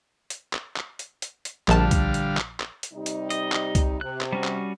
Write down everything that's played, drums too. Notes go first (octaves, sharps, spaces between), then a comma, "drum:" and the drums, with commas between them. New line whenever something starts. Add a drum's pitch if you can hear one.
drum: hi-hat
drum: clap
drum: clap
drum: hi-hat
drum: hi-hat
drum: hi-hat
A#1 D3 G3 F5 A5, drum: clap
drum: kick C2, hi-hat
drum: hi-hat
drum: clap
drum: clap
drum: hi-hat
C3 G3 D#4
drum: hi-hat
D#5, drum: hi-hat
drum: clap
drum: kick C2, hi-hat
C3 F#6
drum: clap
G3 C#4 F#4
drum: clap